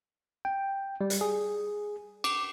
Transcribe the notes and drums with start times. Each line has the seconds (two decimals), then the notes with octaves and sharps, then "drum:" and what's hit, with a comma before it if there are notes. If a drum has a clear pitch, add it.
0.45 G5
1.01 G3
1.10 drum: hi-hat
1.21 G#4
2.24 D6, drum: cymbal